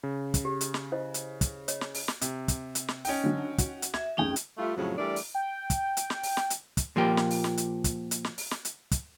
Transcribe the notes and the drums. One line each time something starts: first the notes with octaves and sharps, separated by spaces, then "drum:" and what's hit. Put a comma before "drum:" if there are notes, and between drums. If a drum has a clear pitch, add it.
C#3
drum: kick, hi-hat
G4
drum: hi-hat
drum: snare
E4 C5 D#5
drum: hi-hat
drum: kick, hi-hat
C#5 D#5, drum: hi-hat
drum: snare
drum: open hi-hat
drum: snare
C3, drum: hi-hat
drum: kick, hi-hat
drum: hi-hat
drum: snare
C#4 D#4 G5, drum: open hi-hat
D3 F#3
F#4, drum: kick, hi-hat
drum: hi-hat
E5 G#6, drum: snare
F1 B1 C#4 D#4 G#4 G5
drum: hi-hat
G3 A3 F4
F2 A2 C#3 F3 F#3
E3 G3 A3 D4 A#4 D5
drum: open hi-hat
G5
drum: kick, hi-hat
drum: hi-hat
drum: snare
drum: open hi-hat
drum: snare
drum: hi-hat
drum: kick, hi-hat
A#2 F3 A#3 G4
drum: snare
drum: open hi-hat
drum: snare
drum: hi-hat
drum: kick, hi-hat
drum: hi-hat
drum: snare
drum: open hi-hat
drum: snare
drum: hi-hat
drum: kick, hi-hat